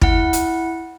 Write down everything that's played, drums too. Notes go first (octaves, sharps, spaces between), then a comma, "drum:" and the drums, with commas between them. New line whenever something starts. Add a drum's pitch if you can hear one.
E4 F#5, drum: kick
drum: hi-hat